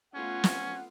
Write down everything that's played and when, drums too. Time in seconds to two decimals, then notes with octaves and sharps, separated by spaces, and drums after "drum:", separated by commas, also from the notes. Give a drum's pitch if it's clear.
0.14 A3 B3 C#4 F4 F#5
0.44 drum: snare